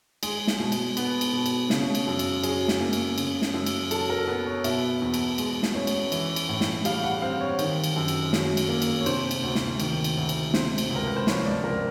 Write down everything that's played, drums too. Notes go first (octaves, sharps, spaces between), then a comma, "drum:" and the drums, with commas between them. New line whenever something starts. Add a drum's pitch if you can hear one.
G#3 G#4, drum: cymbal
drum: snare
B2
drum: cymbal
B3, drum: cymbal
drum: cymbal
B2
drum: cymbal
C#3, drum: snare
drum: cymbal
F#2
drum: cymbal
F#3 G#4, drum: cymbal
drum: snare
A#3
drum: cymbal
C#3, drum: cymbal
drum: snare
F#2
drum: cymbal
F#3 A4, drum: cymbal
A#4
B3 B4
C#5
B2 E5, drum: cymbal
E2
drum: cymbal
G#3, drum: cymbal
drum: snare
C#4
drum: cymbal
E3, drum: cymbal
drum: cymbal
A2
drum: snare
G3 F5, drum: cymbal
F#5
C4 F5
C#5
D#3, drum: cymbal
drum: cymbal
F#2
drum: cymbal
F#3, drum: snare
drum: cymbal
A#3
drum: cymbal
C#5
C3 C5, drum: cymbal
drum: cymbal
D2
drum: snare
D#3, drum: cymbal
drum: cymbal
D2
drum: cymbal
C3 C5, drum: snare
drum: cymbal
C#2
A#4
B4
C5
F3 C#5, drum: snare
D5
C#2 A#4